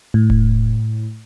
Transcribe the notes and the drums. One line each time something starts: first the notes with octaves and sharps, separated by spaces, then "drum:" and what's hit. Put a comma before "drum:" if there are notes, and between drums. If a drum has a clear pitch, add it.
A2
drum: kick E1